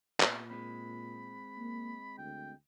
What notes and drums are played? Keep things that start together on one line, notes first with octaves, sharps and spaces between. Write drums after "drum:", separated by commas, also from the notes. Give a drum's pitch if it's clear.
A#2 B3 C4, drum: clap
G#3 C4 B5
A#3
D2 G5